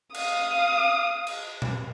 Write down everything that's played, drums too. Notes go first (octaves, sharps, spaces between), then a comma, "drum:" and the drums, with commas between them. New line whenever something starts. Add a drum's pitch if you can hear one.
F5 D#6, drum: cymbal
drum: cymbal
drum: tom A#2